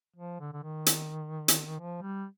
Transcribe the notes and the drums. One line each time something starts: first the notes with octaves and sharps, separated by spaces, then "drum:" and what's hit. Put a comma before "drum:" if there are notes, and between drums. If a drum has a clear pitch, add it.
F3
D3
D3
D#3
drum: hi-hat
drum: hi-hat
F3
G3